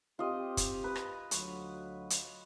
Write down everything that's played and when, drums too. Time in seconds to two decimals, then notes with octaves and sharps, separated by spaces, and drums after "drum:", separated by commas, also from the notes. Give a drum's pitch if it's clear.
0.19 C4 F4 G4 D#5
0.57 drum: kick, hi-hat
0.84 B4
0.96 drum: rim click
1.31 D2 F#3 C#6, drum: hi-hat
2.10 drum: hi-hat